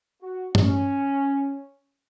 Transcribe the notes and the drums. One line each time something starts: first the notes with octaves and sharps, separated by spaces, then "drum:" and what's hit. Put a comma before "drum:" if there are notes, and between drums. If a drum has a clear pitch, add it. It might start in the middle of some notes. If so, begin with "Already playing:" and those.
F#4
C#4, drum: tom G2